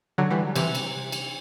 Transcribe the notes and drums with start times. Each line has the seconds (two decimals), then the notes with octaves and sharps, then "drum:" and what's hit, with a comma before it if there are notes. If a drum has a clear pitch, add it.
0.18 D3 F#3
0.31 E3 G3
0.56 C3 E3, drum: cymbal
0.75 drum: cymbal
1.12 drum: cymbal